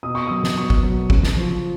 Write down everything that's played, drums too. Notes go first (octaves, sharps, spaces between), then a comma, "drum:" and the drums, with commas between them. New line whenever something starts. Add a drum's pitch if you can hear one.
B2 D#6
C#6
F#3 D#6
drum: snare
B2 C#6
drum: kick
F#3
C#3, drum: kick
drum: snare
F3